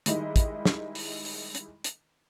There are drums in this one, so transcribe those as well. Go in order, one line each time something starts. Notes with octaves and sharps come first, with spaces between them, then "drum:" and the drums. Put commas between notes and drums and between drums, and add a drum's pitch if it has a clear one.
D#3 G3 G#3 D#4 E4 D#5, drum: hi-hat
drum: kick, hi-hat
drum: snare
drum: open hi-hat
drum: open hi-hat
drum: hi-hat
drum: hi-hat